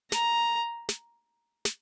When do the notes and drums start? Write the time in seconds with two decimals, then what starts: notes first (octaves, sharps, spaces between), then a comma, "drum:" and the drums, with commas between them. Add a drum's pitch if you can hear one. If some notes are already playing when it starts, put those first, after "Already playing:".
0.12 A#5, drum: snare
0.89 drum: snare
1.65 drum: snare